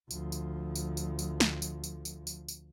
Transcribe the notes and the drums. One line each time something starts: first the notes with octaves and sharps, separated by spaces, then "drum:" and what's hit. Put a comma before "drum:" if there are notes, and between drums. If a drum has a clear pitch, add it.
D2 F3, drum: tambourine
drum: tambourine
drum: tambourine
drum: tambourine
drum: tambourine
drum: snare
drum: tambourine
drum: tambourine
drum: tambourine
drum: tambourine
drum: tambourine